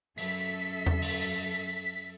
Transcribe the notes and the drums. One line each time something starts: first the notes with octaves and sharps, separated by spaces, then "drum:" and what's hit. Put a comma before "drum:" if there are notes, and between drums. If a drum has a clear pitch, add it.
F#2 A4 E5 B6, drum: open hi-hat
drum: tom E2
drum: open hi-hat